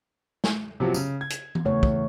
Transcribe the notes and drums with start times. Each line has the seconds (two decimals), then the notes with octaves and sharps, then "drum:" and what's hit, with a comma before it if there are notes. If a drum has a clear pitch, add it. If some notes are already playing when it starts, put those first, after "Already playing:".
0.44 drum: snare A3
0.80 C3 F3 F#3
0.94 C#3, drum: tambourine
1.21 G#6
1.30 drum: hi-hat
1.55 drum: tom E3
1.65 E2 C#3 A3 C#5
1.83 drum: kick